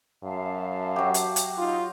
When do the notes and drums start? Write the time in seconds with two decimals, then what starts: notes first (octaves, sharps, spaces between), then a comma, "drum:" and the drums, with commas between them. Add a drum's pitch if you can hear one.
0.23 F#2 E5 F5 A5
0.96 F#3 G4
1.14 drum: hi-hat
1.36 drum: hi-hat
1.58 D#4 F4